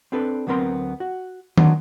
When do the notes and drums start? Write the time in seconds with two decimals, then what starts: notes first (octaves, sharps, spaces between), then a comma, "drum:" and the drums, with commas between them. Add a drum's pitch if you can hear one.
0.12 C4 D4 A4 B4
0.47 D2 F#3 B3 C4 A#4 C6
1.00 F#4
1.58 D3 F#3 D4 D#4 F#4 C5, drum: tom D#3